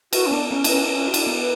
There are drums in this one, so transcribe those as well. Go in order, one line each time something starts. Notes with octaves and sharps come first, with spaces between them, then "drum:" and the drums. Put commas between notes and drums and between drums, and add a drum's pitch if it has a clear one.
F#4 B4, drum: cymbal
C#4
B3 D4
B3 C#4
D4, drum: cymbal
C#4 B4
D4
C#4 B4
F#4
D4, drum: cymbal
B3
B4